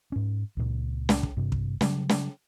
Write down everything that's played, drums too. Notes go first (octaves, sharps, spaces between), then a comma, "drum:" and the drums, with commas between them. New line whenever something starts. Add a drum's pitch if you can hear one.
G#2 C#4
C#2 A#2
drum: snare
drum: kick
G2 C3
drum: kick
C#3 F#3 G3, drum: snare
drum: snare